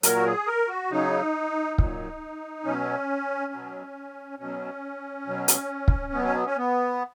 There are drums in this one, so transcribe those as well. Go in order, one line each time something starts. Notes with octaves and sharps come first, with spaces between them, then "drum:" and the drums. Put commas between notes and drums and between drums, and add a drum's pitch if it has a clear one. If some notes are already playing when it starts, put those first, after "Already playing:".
A#2 F#3 A#4, drum: hi-hat
F#4
G#4
A#4
F#4
C#3 F#3 D#4
A#2 F#3, drum: kick
B2 F#3 C#4
B2 F#3
B2 F#3 C#4
B2 F#3
drum: hi-hat
drum: kick
B2 F#3 B3
C#4
B3
C#4
B3